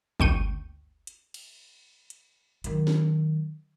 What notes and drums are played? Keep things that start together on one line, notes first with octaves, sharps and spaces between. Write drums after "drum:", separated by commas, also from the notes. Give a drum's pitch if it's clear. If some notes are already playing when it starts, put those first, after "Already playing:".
G1 D2 G5 C#6 D#7, drum: kick
drum: hi-hat
drum: cymbal
drum: hi-hat
D#3 F#3, drum: hi-hat
drum: snare